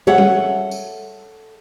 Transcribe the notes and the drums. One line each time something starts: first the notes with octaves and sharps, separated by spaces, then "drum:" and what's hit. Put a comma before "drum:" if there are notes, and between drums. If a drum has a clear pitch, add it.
A4 C#5 E5 F#5
drum: tom
drum: tambourine